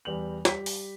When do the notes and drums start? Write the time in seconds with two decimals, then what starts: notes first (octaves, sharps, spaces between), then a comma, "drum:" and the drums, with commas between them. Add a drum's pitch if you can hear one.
0.05 E2 G3 B4 F7 F#7
0.45 G3 G4 B6, drum: snare
0.66 drum: open hi-hat